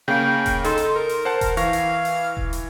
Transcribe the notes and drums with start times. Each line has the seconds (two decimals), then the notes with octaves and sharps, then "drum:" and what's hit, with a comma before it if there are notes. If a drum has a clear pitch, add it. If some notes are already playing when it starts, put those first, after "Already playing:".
0.08 C#3 A#3 F5 G5
0.46 drum: kick E1, hi-hat
0.64 D#4 A4 C6, drum: hi-hat
0.78 drum: hi-hat
0.96 A#4
1.09 drum: open hi-hat
1.25 C5 F#5 A5
1.41 drum: kick E1, hi-hat
1.57 E3 F5 C#6 A#6, drum: hi-hat
1.73 drum: hi-hat
2.05 drum: open hi-hat
2.37 drum: kick E1
2.53 drum: hi-hat